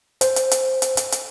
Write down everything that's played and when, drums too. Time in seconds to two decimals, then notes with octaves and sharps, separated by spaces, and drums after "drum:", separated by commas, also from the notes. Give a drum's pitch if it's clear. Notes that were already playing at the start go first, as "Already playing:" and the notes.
0.21 C5, drum: hi-hat
0.36 drum: hi-hat
0.51 drum: hi-hat
0.82 drum: hi-hat
0.97 drum: hi-hat
1.12 drum: hi-hat